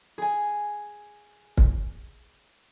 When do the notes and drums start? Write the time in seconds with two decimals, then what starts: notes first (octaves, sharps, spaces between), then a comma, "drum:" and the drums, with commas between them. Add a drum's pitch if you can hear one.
0.18 G#4 G#5
1.57 drum: kick